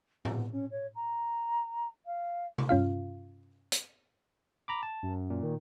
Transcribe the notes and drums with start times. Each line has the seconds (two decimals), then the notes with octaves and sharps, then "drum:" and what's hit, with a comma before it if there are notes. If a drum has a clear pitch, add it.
0.25 B3, drum: tom A2
0.51 C#4
0.70 C#5
0.94 A#5
2.05 F5
2.58 drum: tom C3
2.69 G2 C#4 F4 F5
3.72 drum: hi-hat
4.68 A#5 B5 D6
4.83 A5
5.03 F#2
5.30 A#2
5.43 D#3